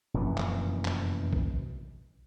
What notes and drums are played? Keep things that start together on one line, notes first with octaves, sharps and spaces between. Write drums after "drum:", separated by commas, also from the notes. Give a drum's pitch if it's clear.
F1 F#2 A#2 E3
drum: clap
drum: clap
drum: kick A#1